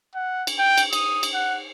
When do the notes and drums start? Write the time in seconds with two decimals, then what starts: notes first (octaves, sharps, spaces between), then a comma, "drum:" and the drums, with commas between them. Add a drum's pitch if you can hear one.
0.15 F#5
0.47 drum: cymbal
0.59 G5
0.78 drum: cymbal
0.93 D#6, drum: cymbal
1.23 drum: cymbal
1.34 F#5